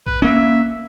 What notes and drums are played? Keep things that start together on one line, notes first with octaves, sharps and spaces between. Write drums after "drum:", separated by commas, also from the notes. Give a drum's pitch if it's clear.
B4, drum: kick A#1
A#3 C#4 E5